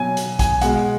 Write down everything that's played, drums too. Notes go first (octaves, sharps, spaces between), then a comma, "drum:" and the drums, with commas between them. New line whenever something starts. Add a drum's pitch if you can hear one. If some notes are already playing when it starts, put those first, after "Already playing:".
Already playing: B2 F#3 G#5
drum: hi-hat
G#5, drum: kick, hi-hat
B2 G#3 F#5, drum: hi-hat